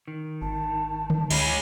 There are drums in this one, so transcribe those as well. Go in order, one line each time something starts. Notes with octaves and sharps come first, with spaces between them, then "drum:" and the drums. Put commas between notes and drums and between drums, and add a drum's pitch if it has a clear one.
D#3
G#1 A5
drum: tom D3
D2 G#3 C#4 B5, drum: cymbal